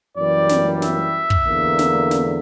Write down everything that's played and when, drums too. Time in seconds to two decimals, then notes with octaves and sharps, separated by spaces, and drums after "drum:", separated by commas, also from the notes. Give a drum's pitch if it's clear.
0.16 F#2 E3 G3 A#3 D5
0.49 drum: snare
0.82 E5, drum: snare
1.30 drum: kick
1.46 E2 D3 A#3
1.79 drum: snare
2.11 drum: snare